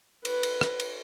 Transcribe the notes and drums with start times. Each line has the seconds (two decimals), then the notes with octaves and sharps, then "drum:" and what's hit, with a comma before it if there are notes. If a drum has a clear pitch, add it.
0.25 B4, drum: cymbal
0.43 drum: cymbal
0.61 drum: rim click
0.80 drum: cymbal